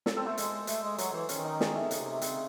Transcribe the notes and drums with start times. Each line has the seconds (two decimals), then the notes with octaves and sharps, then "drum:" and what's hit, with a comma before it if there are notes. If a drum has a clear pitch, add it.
0.06 A4, drum: snare
0.17 C4 A4
0.26 A3 C5
0.38 G#3, drum: hi-hat
0.67 A3, drum: hi-hat
0.83 G#3
0.98 F#3 C#5, drum: hi-hat
1.13 E3 C5
1.29 D#3 C#4, drum: hi-hat
1.45 D#4
1.60 G#4, drum: snare
1.75 A3
1.91 C#3, drum: hi-hat
2.01 C3
2.11 C3
2.22 C#3 C4, drum: hi-hat